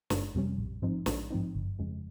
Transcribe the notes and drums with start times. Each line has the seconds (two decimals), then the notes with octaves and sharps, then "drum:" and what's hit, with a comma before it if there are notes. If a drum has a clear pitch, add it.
0.10 G1, drum: snare
0.35 F2 C3 G3 C#4
0.58 A#1
0.82 G#2 F3 C4 D#4
1.06 A#1, drum: snare
1.30 G#2 F3 C4 D#4
1.55 G1
1.79 F2 C#3 F3 G#3